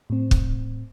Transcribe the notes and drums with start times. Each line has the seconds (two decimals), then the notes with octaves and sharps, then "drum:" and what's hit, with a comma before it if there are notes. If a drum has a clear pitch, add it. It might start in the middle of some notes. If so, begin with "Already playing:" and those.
0.10 A2 C4
0.31 drum: kick